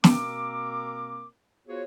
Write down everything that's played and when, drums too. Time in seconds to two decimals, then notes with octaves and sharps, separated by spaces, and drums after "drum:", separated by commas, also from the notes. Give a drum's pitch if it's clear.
0.04 B2 A#3 C4 A#4 D6, drum: snare
1.68 B3 F4 F#4 G#4 C5 C#5